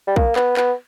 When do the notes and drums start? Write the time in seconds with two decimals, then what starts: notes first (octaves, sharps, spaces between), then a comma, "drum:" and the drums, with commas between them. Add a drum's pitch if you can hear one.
0.07 G3
0.16 A#3, drum: kick B1
0.36 B3, drum: clap
0.57 B3, drum: clap